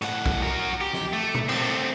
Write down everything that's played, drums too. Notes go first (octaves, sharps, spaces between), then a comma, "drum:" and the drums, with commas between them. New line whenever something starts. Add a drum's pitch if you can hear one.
A2 F#5, drum: hi-hat
drum: kick
F#4 A#4
G4
drum: snare
A3
drum: tom B2
A3 C4, drum: cymbal
drum: tambourine